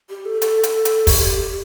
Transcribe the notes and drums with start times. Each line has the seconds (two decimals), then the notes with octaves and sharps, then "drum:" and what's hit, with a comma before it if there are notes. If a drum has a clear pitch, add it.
0.10 G4
0.25 A4
0.42 A4, drum: hi-hat
0.63 drum: hi-hat
0.85 drum: hi-hat
1.07 G4, drum: kick, open hi-hat
1.23 G4
1.40 G4